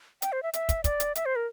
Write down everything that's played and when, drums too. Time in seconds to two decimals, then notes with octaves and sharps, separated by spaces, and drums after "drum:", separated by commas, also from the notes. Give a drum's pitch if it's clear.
0.22 G5, drum: hi-hat
0.32 C5
0.43 E5
0.53 E5, drum: hi-hat
0.69 drum: kick, hi-hat
0.84 D5, drum: kick, hi-hat
1.00 drum: hi-hat
1.15 E5, drum: hi-hat
1.26 C5
1.36 A#4